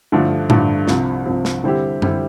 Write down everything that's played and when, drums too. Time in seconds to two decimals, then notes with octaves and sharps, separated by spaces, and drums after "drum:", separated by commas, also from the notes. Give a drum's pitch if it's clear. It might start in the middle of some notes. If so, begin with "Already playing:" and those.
0.12 G2 D3 F3 A3 D4
0.50 G2 D3 F3 A3 D4, drum: tom A2
0.88 C2 C3 F3, drum: snare
1.26 C2 C3 F3
1.45 drum: snare
1.64 D3 G3 C4 E4 G4
2.02 D3 G3 C4 E4 G4, drum: tom F#2